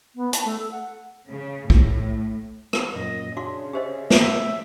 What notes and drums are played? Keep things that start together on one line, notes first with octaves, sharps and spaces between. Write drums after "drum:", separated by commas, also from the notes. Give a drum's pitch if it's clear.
B3
A5, drum: hi-hat
A3
A4
F#5
C#3
A2, drum: kick
drum: rim click
F#2 A#2 D#5
C#3 D4 F#4 F5 C6
C#4 G4 C5 D#5 E5
A3 E5, drum: snare